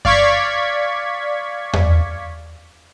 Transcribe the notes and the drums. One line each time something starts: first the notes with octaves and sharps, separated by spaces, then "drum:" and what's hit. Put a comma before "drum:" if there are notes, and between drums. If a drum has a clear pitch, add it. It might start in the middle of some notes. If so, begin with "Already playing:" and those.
D5 F5 C#6 G#6 B6, drum: kick F#2
drum: tom E2